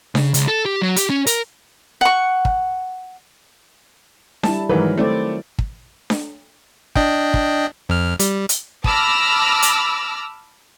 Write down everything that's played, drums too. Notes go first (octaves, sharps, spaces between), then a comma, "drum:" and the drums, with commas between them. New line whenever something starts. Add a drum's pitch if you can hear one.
C#3, drum: snare D4
C#2, drum: hi-hat
A4
G4
F#3
G4, drum: hi-hat
C#4
A#4, drum: hi-hat
F#5 C#6
drum: kick
G3 E4 A5, drum: snare D4
G#2 D#3 E3 F#3 A#4 B4
A3 C4 E4 D5
drum: kick
drum: snare D4
D4 D#5 G5, drum: kick
drum: kick
F2 F6
G3, drum: hi-hat
drum: hi-hat
A5 B5 D6 E6 F6 A#6, drum: kick
drum: hi-hat